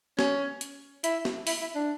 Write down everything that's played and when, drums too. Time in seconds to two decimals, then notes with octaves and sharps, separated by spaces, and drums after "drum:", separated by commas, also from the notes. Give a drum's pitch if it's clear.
0.19 C#4, drum: snare
0.61 drum: hi-hat
1.04 E4, drum: hi-hat
1.25 drum: snare
1.47 E4, drum: open hi-hat
1.61 E4
1.75 D4